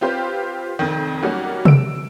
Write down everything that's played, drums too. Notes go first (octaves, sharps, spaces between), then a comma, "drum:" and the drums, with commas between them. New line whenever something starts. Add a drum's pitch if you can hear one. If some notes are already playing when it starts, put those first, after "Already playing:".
C4 F4 G4 B4 C5
F1 F2 D#3
F#3 G3 A#3 C#4 D#4 F#4
E6 D7, drum: tom C3